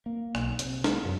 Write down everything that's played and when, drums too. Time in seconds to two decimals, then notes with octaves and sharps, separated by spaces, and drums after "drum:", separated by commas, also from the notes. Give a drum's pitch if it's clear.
0.06 A#3
0.35 B1, drum: rim click
0.59 C3, drum: hi-hat
0.84 G#3, drum: snare
1.05 F#2